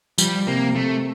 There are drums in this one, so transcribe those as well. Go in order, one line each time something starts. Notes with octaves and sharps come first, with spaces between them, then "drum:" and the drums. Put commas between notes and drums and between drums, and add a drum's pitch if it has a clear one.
F3 G3, drum: tambourine
C3 A#3
C3 A3